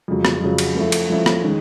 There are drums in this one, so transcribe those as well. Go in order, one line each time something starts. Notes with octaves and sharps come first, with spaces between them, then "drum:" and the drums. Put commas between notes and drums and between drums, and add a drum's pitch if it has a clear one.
F2 C#3 F#3
drum: rim click
F2 C#3 F#3
drum: cymbal
F3 A3 C#4 E4
drum: cymbal
F3 A3 C#4 E4
drum: rim click
D#3 G#3 C#4